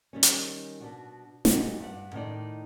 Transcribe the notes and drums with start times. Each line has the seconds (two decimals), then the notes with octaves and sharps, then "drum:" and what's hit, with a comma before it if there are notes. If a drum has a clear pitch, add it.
0.13 D#3 G3 C#4
0.23 drum: hi-hat
0.81 B2 D4 F#4
1.45 G2 A#2 G3 F#4 D#5 G5, drum: snare
1.81 G2 F#5
2.13 A2 D#3 D#4 D5